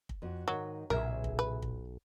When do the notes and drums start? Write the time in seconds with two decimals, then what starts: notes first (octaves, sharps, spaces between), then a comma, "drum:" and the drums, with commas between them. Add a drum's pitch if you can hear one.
0.09 drum: kick
0.22 F2 F#4
0.48 G#2 D#3 F#3
0.90 B1 A#2 C#3 G#4 A#4 E5
1.24 drum: kick
1.39 B4
1.62 drum: kick